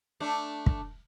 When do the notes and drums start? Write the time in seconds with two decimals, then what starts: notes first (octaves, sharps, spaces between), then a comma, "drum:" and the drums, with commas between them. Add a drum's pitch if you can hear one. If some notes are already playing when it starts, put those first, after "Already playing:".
0.20 A3 D4
0.66 drum: kick